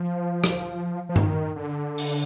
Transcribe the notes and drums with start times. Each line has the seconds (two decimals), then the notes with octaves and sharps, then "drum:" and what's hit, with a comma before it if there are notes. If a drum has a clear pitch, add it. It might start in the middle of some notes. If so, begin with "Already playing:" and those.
Already playing: F3
0.44 drum: rim click
1.09 F3
1.16 D#3, drum: tom G2
1.56 D3
1.98 drum: open hi-hat